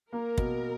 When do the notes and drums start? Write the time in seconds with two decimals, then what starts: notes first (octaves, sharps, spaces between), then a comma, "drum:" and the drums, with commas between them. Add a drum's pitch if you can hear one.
0.13 A#3 A#4
0.38 B2, drum: kick